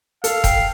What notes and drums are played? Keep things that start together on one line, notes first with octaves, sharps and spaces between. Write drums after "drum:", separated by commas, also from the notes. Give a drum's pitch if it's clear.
A4 F5, drum: hi-hat
G5, drum: kick E1, hi-hat